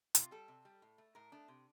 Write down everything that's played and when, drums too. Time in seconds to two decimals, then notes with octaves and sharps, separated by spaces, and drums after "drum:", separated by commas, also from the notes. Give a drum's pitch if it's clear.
0.15 C3 F4, drum: hi-hat
0.31 G3 A4
0.48 C3
0.65 G3
0.82 A2
0.98 A3
1.15 A2 A#4
1.32 A3 D4
1.48 C3